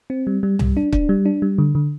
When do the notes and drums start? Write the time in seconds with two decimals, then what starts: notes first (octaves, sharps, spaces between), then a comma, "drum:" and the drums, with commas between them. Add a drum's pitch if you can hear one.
0.10 C4
0.27 G3
0.43 G3
0.59 G3, drum: tom C2
0.77 D4
0.93 D4, drum: kick
1.09 G3
1.26 D4
1.42 G3
1.58 D3
1.75 D3